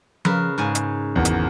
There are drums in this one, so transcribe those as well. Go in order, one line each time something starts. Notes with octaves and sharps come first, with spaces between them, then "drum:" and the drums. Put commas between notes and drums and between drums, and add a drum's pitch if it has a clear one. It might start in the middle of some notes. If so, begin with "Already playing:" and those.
C#3 A#4 B4, drum: tom F3
G#2 C#3 G#5
drum: hi-hat
G#1 E2
drum: hi-hat